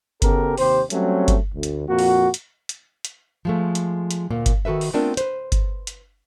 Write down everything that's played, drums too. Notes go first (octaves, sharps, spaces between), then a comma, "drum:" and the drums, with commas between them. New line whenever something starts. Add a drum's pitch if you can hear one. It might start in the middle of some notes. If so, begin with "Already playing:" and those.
C#3 B3 G4 A4 A#4, drum: kick G1, hi-hat
D#2 C3 G4 C5, drum: open hi-hat
F#3 G3 A3 C4 C#4, drum: hi-hat
drum: kick G1, hi-hat
D2
drum: hi-hat
F2 A#2 A#3 F#4
drum: open hi-hat
drum: hi-hat
drum: hi-hat
drum: hi-hat
F3 G#3 A3
drum: hi-hat
drum: hi-hat
D2 A#2 A#3
drum: kick G1, hi-hat
D#3 F#4 A4 B4 E5
drum: open hi-hat
A3 B3 C4 D4 F4 A#4
B4 C5, drum: hi-hat
drum: kick G1, hi-hat
drum: hi-hat